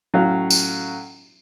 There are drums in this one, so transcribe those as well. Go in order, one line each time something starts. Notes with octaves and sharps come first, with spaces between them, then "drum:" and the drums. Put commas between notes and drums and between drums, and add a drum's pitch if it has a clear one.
A2 F#3 C#4 F5
drum: tambourine